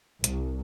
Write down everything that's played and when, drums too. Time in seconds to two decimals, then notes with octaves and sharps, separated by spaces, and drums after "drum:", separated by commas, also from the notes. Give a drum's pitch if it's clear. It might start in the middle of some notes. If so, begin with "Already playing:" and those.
0.24 C2, drum: hi-hat